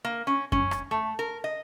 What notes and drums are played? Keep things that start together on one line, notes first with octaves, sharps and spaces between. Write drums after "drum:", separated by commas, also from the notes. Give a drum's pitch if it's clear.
A#3
C#4
C#4, drum: kick F#2
drum: rim click
A3
A#4
D#5